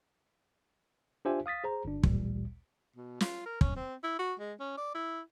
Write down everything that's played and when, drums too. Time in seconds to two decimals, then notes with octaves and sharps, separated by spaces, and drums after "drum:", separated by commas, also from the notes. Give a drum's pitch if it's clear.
1.25 D4 F4 G4 C5 E5 G#5
1.46 F5 D#6 A6 B6
1.64 G#4 C5 A#5
1.85 G1 D4
2.03 A1 D2 A#2 G3, drum: kick
2.96 B2
3.21 F4, drum: snare
3.46 A#4
3.61 C#4, drum: kick
3.76 C4
4.03 E4
4.19 F#4
4.39 G#3
4.60 C#4
4.77 D5
4.95 E4